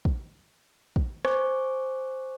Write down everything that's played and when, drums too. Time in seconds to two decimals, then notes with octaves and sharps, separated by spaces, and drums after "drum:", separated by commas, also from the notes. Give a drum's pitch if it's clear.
0.05 drum: kick
0.96 drum: kick
1.25 C5 G#5 C#6 D6, drum: rim click